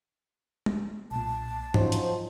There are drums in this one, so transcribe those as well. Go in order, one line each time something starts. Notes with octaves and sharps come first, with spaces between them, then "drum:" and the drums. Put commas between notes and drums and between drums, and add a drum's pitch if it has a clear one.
drum: tom
B1 A#2 A5
F3 F#3 C#4 D#4 C5, drum: tom G#2
drum: hi-hat